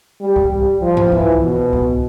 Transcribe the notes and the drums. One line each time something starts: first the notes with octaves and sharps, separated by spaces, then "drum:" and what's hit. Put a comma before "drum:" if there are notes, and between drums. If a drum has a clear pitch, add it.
G3
drum: kick C2
G3
F3
drum: tom G2
E3, drum: kick C2
B2
drum: kick C2